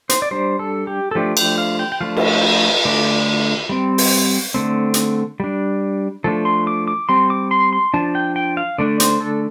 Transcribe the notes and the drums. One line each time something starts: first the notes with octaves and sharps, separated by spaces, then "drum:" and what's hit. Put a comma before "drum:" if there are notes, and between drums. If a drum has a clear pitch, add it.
C5, drum: hi-hat
D5
G3 D4 C5
A4
G4
A4
F3 A3 D4 G4
G5, drum: cymbal
F5
G5
G5
F3 A3 D4 F5
drum: cymbal
D3 A3 D4 D5
G3 C4
drum: open hi-hat
D3 A3 C4
drum: hi-hat
G3 D4
F3 A3 D4 A4
C6
D6
D6
G3 C4 C6
D6
C6
C6
F3 D4 A5
G5
G5
F5
D3 A3 D4 D5
C5, drum: hi-hat
A4